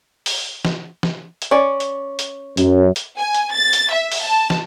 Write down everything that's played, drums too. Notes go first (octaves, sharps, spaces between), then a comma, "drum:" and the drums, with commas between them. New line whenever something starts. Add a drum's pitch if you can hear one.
drum: open hi-hat
drum: snare
drum: snare
drum: hi-hat
C#4 D5
drum: hi-hat
drum: hi-hat
F#2, drum: hi-hat
drum: hi-hat
G#5
drum: hi-hat
A6
drum: hi-hat
E5
drum: open hi-hat
A5
drum: snare